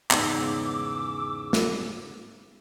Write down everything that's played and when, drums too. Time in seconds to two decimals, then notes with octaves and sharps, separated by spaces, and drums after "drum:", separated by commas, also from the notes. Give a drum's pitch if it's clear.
0.11 E2 G#2 C#3 B3 D#4 D6 E6, drum: clap
1.53 drum: snare